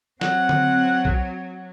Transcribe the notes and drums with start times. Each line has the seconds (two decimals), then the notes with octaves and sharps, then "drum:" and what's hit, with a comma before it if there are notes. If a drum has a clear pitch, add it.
0.21 F#3 C4 F#5, drum: snare
0.49 drum: tom D3
1.05 drum: kick B1